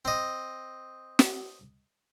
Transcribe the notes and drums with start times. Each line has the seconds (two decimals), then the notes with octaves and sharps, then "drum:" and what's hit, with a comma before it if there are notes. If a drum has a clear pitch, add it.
0.05 C4 D#5
1.19 drum: snare